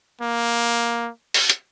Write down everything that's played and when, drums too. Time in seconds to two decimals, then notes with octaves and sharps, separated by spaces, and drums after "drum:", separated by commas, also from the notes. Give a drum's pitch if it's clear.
0.21 A#3
1.34 drum: open hi-hat
1.50 drum: hi-hat